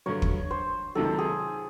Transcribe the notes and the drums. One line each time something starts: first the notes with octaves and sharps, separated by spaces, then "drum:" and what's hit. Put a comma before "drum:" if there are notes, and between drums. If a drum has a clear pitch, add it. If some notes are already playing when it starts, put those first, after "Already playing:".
G2 D3 F#3 C#5
drum: kick
C5
C#2 C3 D#3 F#3 A4
G#4